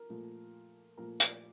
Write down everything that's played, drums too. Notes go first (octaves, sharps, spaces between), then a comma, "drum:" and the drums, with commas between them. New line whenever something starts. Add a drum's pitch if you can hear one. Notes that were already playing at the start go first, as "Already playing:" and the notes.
Already playing: A#4
A#2 F3 A3
A#2 F3 A3 A#4
D5, drum: hi-hat